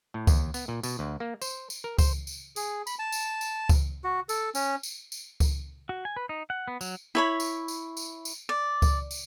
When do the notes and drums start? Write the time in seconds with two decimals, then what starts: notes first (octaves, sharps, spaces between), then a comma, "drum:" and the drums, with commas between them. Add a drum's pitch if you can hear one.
0.14 A2
0.27 D#2, drum: kick C#2, tambourine
0.54 B3, drum: tambourine
0.68 A#2
0.83 B2, drum: tambourine
0.99 D2
1.20 A#3
1.42 C5, drum: tambourine
1.70 drum: tambourine
1.84 A#4
1.98 C5, drum: kick C#2, tambourine
2.27 drum: tambourine
2.56 G#4, drum: tambourine
2.87 B5, drum: tambourine
2.99 A5
3.12 drum: tambourine
3.41 drum: tambourine
3.69 drum: kick C#2, tambourine
4.04 F#4
4.29 A4, drum: tambourine
4.55 C#4, drum: tambourine
4.83 drum: tambourine
5.12 drum: tambourine
5.40 drum: kick C#2, tambourine
5.89 F#4
6.05 G#5
6.16 B4
6.29 D#4
6.50 F#5
6.68 B3
6.81 F#3, drum: tambourine
7.15 E4 C#5 B5
7.40 drum: tambourine
7.68 drum: tambourine
7.97 drum: tambourine
8.25 drum: tambourine
8.49 D5
8.82 drum: kick C#2, tambourine
9.11 drum: tambourine